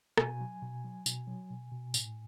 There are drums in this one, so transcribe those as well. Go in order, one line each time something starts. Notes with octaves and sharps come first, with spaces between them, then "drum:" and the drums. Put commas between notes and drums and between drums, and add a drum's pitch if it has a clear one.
B2 G#5, drum: rim click
F#3
B2
F#3
B2, drum: tambourine
F#3
B2
B2
A2, drum: tambourine